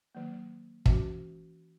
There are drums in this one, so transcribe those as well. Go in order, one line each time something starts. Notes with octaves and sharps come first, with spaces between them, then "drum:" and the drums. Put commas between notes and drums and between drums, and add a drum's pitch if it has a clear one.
D#3 F#3 A#3
E3 G#3 C#4 F#4, drum: kick